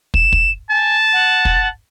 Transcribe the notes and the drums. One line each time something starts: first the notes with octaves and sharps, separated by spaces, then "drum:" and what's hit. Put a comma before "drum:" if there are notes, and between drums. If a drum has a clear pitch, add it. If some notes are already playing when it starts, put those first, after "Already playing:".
E7, drum: kick
drum: kick
G#5 A5
F#5
drum: kick